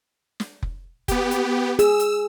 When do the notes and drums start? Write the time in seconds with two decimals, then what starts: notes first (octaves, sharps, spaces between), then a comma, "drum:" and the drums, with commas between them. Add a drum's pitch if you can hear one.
0.40 drum: snare
0.63 drum: kick F1
1.08 B3 G4, drum: kick F1, hi-hat
1.31 drum: hi-hat
1.79 G#4 E6, drum: hi-hat
1.99 drum: hi-hat